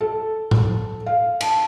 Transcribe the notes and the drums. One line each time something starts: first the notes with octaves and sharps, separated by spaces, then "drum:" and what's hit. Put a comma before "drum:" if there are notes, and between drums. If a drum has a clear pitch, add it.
A4
drum: tom A2
F5
A5, drum: cymbal